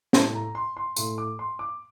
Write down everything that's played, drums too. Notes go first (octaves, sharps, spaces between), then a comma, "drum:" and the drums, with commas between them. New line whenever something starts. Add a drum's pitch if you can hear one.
A2 A3 A5, drum: snare
A#5
C6
C6
A2 A3 C6, drum: tambourine
D6
C6
D6